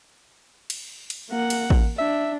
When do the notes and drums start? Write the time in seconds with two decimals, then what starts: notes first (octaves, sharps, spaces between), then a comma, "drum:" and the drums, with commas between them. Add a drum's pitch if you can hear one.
0.70 drum: cymbal
1.10 drum: cymbal
1.30 A#3 F#5
1.50 drum: cymbal
1.70 drum: kick A1
1.98 D4 E5